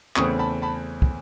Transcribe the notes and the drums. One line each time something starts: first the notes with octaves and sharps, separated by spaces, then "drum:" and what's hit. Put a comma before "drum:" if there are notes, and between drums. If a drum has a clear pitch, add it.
E2 C#3 E3 A3 C4 C#6 D#6, drum: clap
A5 B5
A5 B5
drum: kick